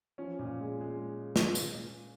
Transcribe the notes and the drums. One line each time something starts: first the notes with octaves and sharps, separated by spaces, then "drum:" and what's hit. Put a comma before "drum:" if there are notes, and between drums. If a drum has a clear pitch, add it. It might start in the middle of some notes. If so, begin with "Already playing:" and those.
F3 C#4
A#2
G#3
G#3
drum: snare
drum: tambourine